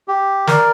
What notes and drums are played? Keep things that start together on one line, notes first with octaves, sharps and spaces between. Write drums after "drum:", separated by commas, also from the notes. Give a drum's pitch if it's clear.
G4
A#4 D5, drum: snare